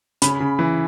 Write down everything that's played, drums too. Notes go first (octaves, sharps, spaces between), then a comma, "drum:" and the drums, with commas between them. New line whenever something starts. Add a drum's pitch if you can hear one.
C#3 B5, drum: hi-hat
C#3
E3